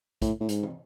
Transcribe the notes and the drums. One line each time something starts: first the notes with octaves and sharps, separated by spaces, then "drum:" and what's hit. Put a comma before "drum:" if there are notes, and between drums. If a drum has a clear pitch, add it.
A2, drum: kick, hi-hat
A2
G#2, drum: hi-hat
drum: tom